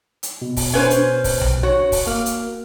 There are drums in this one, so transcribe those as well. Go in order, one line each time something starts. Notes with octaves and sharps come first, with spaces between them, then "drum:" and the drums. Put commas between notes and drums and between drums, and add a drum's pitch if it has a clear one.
drum: hi-hat
B2
drum: kick, open hi-hat
C#4 B4 C5
drum: hi-hat
drum: kick, open hi-hat
drum: tom B1
F#4 C#5
drum: kick, open hi-hat
A#3 F6
drum: hi-hat